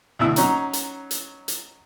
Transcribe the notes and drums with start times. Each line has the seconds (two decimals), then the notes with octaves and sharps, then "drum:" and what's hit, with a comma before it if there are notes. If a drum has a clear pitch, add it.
0.19 D2 B2 E3 E4 E6
0.36 F#3 C#4 D#4 A#5, drum: hi-hat
0.73 drum: hi-hat
1.11 drum: hi-hat
1.48 drum: hi-hat